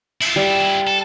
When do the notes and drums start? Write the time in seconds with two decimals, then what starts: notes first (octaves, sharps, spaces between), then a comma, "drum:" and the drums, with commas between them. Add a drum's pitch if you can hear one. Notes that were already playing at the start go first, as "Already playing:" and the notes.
0.21 E4 F4, drum: cymbal
0.36 G3
0.87 A4